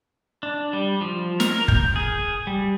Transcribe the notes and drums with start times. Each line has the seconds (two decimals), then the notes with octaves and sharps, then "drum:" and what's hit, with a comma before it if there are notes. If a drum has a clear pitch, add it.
0.43 D4
0.73 G3
1.01 F3
1.40 A#4, drum: snare
1.68 G6, drum: kick
1.96 G#4
2.47 G3